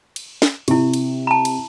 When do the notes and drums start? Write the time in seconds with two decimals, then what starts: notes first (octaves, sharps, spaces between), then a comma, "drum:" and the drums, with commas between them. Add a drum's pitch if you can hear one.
0.16 drum: cymbal
0.42 drum: snare
0.68 C3 E4 G4, drum: cymbal
0.94 drum: cymbal
1.27 A5 A#5
1.45 drum: cymbal